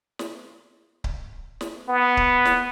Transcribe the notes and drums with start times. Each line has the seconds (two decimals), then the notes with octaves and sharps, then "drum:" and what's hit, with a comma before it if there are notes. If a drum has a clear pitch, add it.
0.19 drum: snare
1.04 drum: kick C#1
1.61 drum: snare
1.89 B3
2.17 drum: kick C#1
2.45 drum: snare